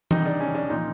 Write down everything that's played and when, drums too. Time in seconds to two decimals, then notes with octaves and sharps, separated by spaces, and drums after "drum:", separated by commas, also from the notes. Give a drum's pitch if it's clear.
0.11 C3 D#3 G3 D#4, drum: tom E3
0.26 D4
0.40 C#4
0.55 D4
0.70 A#2 F3 D#4